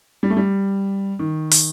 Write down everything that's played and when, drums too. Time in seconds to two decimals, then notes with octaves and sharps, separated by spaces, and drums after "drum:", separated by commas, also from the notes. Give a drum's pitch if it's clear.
0.23 G3
0.30 A3
0.37 G3
1.19 D#3
1.52 drum: open hi-hat